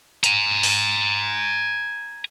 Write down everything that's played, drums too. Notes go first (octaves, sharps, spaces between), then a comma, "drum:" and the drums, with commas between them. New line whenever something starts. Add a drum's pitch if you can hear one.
G#5 A#5, drum: hi-hat
drum: open hi-hat